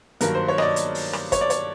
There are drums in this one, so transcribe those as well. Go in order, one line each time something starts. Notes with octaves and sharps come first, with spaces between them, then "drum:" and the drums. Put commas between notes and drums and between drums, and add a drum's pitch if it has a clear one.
G2 D#3 F#3 A#3 A#4, drum: hi-hat
C5
C#5
D#5, drum: rim click
D5
drum: hi-hat
drum: open hi-hat
drum: rim click
C#5, drum: kick, hi-hat
D5
C#5, drum: hi-hat